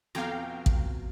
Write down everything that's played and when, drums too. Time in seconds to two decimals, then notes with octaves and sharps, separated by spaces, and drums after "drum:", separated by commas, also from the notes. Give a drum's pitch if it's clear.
0.15 F2 B2 F4 G4 F5 G5 G#5 A#5
0.66 drum: kick